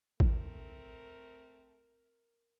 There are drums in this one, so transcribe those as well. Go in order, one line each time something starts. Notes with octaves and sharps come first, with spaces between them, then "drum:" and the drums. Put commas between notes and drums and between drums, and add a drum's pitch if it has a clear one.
A3 C4 A#4, drum: kick A1